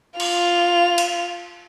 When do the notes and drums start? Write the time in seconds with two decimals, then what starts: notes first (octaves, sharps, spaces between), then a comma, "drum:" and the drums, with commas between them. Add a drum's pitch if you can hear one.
0.20 F4 F7, drum: cymbal
0.98 drum: cymbal